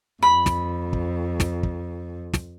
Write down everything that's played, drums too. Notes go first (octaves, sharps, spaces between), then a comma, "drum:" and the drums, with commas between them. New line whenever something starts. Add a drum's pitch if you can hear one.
F2 B5
drum: snare
drum: kick
drum: snare
drum: kick
drum: snare